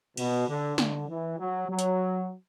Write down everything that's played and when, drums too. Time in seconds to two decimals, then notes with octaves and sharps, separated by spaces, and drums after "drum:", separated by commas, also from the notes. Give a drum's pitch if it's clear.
0.17 B2, drum: cymbal
0.48 D3
0.78 D3, drum: snare
1.08 E3
1.39 F#3
1.69 F#3
1.79 drum: hi-hat